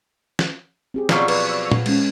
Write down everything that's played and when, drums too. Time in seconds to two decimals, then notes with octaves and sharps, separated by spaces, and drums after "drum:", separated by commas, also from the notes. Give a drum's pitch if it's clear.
0.39 drum: snare
0.94 C4 G4 G#4
1.09 B2 F3 F#3 D5 C#6 E6, drum: snare
1.28 B4, drum: cymbal
1.72 drum: tom A#2
1.86 G#3 C#4, drum: cymbal